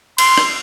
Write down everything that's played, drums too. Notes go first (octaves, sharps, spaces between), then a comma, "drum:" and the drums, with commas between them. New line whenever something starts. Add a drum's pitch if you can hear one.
C6, drum: cymbal
drum: rim click